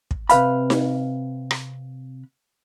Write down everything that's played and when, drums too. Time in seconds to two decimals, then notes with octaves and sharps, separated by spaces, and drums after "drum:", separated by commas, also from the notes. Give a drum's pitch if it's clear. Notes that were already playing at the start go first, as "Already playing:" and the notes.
0.11 drum: kick
0.30 C3 B4 F5 B5, drum: hi-hat
0.70 drum: snare D#4
1.51 drum: rim click